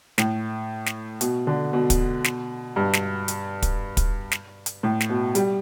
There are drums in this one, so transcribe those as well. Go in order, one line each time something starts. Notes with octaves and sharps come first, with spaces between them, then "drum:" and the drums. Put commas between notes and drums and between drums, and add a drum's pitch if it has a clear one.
A2, drum: snare
drum: snare
B2, drum: hi-hat
D3
B2
drum: kick, hi-hat
drum: snare
G2
drum: snare
drum: hi-hat
drum: kick, hi-hat
drum: kick, hi-hat
drum: snare
drum: hi-hat
A2
drum: snare
B2
G3, drum: hi-hat